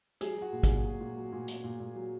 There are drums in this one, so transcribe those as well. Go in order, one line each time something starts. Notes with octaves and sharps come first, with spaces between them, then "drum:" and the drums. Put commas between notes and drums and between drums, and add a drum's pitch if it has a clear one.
F#3 G#4, drum: hi-hat
F#3
F#4
A#2
A#2 G#4, drum: kick G#1, hi-hat
F#3
A#2
F#3
A#2
A#2, drum: hi-hat
A#2
A#2
F#3